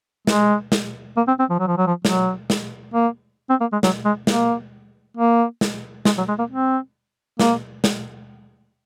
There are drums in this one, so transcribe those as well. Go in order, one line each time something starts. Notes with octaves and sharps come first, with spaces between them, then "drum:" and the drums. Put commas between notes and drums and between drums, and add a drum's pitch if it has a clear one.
G#3, drum: snare
drum: snare
A#3
C4
C4
F3
F#3
F3
F#3
F3
F#3, drum: snare
drum: snare
A#3
C4
A#3
G#3
F#3, drum: snare
G#3
A#3, drum: snare
A#3
drum: snare
G#3, drum: snare
F#3
G#3
A#3
C4
A#3, drum: snare
drum: snare